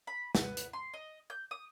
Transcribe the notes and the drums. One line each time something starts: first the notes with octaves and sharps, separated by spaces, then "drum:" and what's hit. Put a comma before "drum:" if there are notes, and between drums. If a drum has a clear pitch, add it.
B5
B3, drum: snare
drum: hi-hat
C6
D#5
G6
D#6